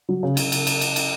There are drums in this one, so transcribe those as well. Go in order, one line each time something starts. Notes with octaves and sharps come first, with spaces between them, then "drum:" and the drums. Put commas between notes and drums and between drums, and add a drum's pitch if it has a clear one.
F#3
C#3
C#3, drum: cymbal
drum: cymbal
drum: cymbal
drum: cymbal
drum: cymbal